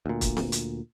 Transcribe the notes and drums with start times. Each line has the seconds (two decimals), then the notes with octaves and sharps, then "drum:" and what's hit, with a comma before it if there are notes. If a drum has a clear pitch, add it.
0.06 D2 A#2
0.21 drum: kick, hi-hat
0.37 drum: snare C4
0.52 drum: hi-hat